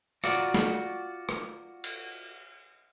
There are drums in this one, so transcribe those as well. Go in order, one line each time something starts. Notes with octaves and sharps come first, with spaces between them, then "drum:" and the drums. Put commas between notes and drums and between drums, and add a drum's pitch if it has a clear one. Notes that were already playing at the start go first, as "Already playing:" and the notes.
F4 F#4 D5, drum: rim click
drum: snare
drum: rim click
drum: cymbal